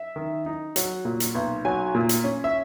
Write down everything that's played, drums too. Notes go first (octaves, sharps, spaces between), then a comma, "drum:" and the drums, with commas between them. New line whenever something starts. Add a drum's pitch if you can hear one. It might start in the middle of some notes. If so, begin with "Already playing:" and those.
Already playing: E5
D#3
D#4
F#3, drum: hi-hat
A#2
drum: hi-hat
B1
F#3 G#5
A#2
drum: hi-hat
C#4
E5